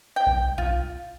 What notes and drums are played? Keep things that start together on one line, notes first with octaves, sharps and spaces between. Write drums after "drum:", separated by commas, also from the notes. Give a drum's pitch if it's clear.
G5
drum: kick B1
F4, drum: kick B1